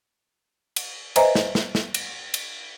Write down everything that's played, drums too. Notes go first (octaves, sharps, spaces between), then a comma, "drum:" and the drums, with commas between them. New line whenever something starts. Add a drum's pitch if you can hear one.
drum: cymbal
B4 C5 D#5 E5 G#5 A#5, drum: cymbal
drum: snare
drum: snare
drum: snare
drum: cymbal
drum: cymbal